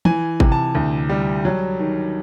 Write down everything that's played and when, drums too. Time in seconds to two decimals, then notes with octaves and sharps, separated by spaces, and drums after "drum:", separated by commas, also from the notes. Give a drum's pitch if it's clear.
0.05 E3 G#5, drum: tom
0.40 C3, drum: kick G#1
0.52 A5
0.75 D2
1.09 G3
1.45 F#3
1.79 D#3